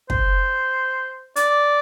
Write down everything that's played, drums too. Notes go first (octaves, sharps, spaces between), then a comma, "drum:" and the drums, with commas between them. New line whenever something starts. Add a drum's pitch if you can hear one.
C5, drum: kick
D5, drum: hi-hat